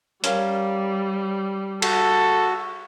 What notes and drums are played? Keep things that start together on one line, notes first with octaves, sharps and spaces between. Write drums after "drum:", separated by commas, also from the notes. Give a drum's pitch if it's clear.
G3 C#4 A#4 F5, drum: hi-hat
F#4 A4, drum: cymbal